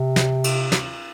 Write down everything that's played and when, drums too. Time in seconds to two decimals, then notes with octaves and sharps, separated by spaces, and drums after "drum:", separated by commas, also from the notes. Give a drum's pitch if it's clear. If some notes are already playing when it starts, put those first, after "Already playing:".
Already playing: C3
0.16 drum: snare
0.44 drum: cymbal
0.72 drum: snare